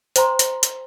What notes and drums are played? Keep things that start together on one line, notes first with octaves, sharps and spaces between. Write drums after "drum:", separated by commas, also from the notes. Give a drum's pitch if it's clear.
C5 G5 A#5 C6, drum: hi-hat
drum: hi-hat
drum: hi-hat